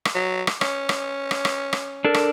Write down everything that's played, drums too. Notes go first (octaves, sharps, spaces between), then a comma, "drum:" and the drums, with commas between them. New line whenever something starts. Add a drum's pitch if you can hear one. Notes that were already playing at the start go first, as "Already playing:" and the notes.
drum: rim click
F#3
drum: rim click
C#4, drum: rim click
drum: rim click
drum: rim click
drum: rim click
drum: rim click
D4 A4 A#4
drum: rim click